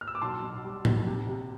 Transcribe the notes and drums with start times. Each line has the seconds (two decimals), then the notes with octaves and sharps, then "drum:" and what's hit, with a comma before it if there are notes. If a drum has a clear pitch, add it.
0.01 F6
0.07 E6
0.15 D6
0.21 B1 A5 C6
0.43 B2
0.64 G3
0.85 B1, drum: tom A2
1.07 C3
1.28 C3